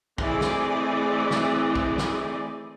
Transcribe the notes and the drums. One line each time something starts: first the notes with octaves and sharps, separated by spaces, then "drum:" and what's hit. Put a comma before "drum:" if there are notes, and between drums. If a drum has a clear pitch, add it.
E3 A3 C4 G#4 D5 D#5, drum: kick
drum: snare
drum: snare
drum: kick
drum: snare